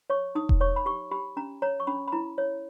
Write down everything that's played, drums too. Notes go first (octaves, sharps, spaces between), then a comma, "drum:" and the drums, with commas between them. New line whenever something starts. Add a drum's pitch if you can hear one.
C#5 C#6
D#4 D#6
drum: kick E1
C#5 C#6
B5
G4 C#6
G4 B5
C#4 A#5
C#5 A#5
C#6
C#4 B5
B5
E4 A#5
C#5